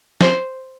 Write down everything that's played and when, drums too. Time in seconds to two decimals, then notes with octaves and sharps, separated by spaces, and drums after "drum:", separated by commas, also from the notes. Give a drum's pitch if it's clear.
0.21 C5, drum: snare